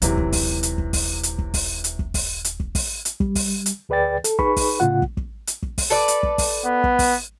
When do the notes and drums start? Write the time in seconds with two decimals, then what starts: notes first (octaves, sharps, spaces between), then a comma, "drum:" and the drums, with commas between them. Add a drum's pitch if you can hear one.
0.02 D#1 D#2 C3 E3 F#3, drum: hi-hat
0.17 drum: kick
0.32 drum: kick, open hi-hat
0.63 drum: hi-hat
0.78 drum: kick
0.93 drum: kick, open hi-hat
1.23 drum: hi-hat
1.38 drum: kick
1.54 drum: kick, open hi-hat
1.84 drum: hi-hat
1.99 drum: kick
2.14 drum: kick, open hi-hat
2.44 drum: hi-hat
2.60 drum: kick
2.75 drum: kick, open hi-hat
3.05 drum: hi-hat
3.20 G3, drum: kick
3.35 drum: kick, open hi-hat
3.66 drum: hi-hat
3.89 D2 G#4 B4 D5 G5 A6
4.24 A4, drum: hi-hat
4.39 D#4 G#4 B4 B5 C#6, drum: kick
4.57 drum: kick, open hi-hat
4.80 A2 C#3 F4 F#5
5.02 drum: kick
5.17 drum: kick
5.47 drum: hi-hat
5.63 drum: kick
5.78 drum: kick, open hi-hat
5.90 A4 B4 D5
6.08 drum: hi-hat
6.23 drum: kick
6.38 drum: kick, open hi-hat
6.65 B3
6.84 drum: kick
6.99 drum: kick, open hi-hat